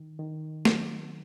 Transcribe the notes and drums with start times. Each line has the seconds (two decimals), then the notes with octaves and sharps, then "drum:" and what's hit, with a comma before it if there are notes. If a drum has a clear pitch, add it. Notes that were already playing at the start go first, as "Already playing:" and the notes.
Already playing: D#3
0.19 D#3
0.65 F#3, drum: snare